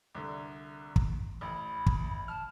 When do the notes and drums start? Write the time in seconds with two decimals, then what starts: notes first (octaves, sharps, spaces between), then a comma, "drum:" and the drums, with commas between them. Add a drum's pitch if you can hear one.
0.15 C2 D3
0.96 drum: kick
1.41 A1 B5
1.87 drum: kick
2.28 A5 F6